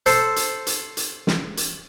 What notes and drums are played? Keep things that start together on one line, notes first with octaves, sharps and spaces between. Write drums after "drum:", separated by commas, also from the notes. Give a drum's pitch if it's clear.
A4 C5, drum: hi-hat
drum: hi-hat
drum: hi-hat
drum: hi-hat
drum: snare
drum: hi-hat